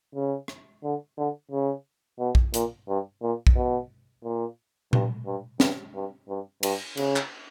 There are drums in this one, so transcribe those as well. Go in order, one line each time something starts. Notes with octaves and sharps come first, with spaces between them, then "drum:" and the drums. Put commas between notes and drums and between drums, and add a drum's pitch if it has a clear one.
C#3
drum: rim click
D3
D3
C#3
B2
drum: kick A#1
A#2, drum: hi-hat
G2
A#2
drum: kick A#1
B2
A#2
G2, drum: tom A#2
G2
G2, drum: snare
G2
G2
G2, drum: cymbal
C#3, drum: cymbal
drum: clap